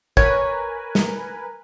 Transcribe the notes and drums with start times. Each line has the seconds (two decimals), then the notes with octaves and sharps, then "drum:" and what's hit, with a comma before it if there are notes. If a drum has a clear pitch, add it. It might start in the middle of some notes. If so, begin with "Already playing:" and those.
0.17 A#4 B4 C#5 G#5, drum: kick
0.95 drum: snare